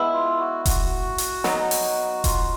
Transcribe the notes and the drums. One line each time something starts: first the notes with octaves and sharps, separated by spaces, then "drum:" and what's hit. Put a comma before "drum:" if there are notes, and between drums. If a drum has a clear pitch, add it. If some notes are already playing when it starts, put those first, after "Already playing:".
Already playing: G#3 B3 E4
F4
F#4
F#4, drum: kick E1, hi-hat
drum: hi-hat
F#3 B3 D#4, drum: snare
drum: open hi-hat
F4, drum: kick E1, hi-hat